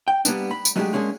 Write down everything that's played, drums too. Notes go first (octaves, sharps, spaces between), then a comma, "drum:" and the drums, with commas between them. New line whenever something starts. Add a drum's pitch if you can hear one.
G5
G3 A#3 B3 D4, drum: tambourine
B5
drum: tambourine
F#3 G#3 A3 D4 G4 G#4
G#3 A#3 C#4 D4 G#4